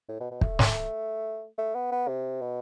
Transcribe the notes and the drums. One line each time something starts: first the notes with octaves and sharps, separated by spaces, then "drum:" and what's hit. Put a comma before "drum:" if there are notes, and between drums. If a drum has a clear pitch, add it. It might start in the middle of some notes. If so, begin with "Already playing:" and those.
A2
B2
B2
A3, drum: kick
drum: snare
A3
B3
B3
C3
B2